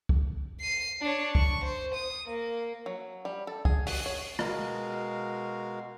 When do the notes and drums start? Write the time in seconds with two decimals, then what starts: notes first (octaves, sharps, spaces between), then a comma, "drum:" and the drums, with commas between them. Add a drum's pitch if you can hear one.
0.09 drum: kick
0.60 C7 D#7
1.02 D4 C#5
1.35 C#6, drum: kick
1.65 C5
1.94 D#6
2.27 A#3
2.86 F#3
3.25 G3
3.47 A4
3.65 G#4, drum: kick
3.87 F#4, drum: open hi-hat
4.06 C#5
4.39 B2 G#3 F#4 A#4 F5, drum: rim click